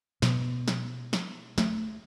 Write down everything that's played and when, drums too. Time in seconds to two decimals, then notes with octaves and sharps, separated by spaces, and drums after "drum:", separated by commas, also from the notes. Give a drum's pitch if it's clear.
0.22 B2, drum: snare
0.68 drum: snare
1.13 drum: snare
1.58 A3, drum: snare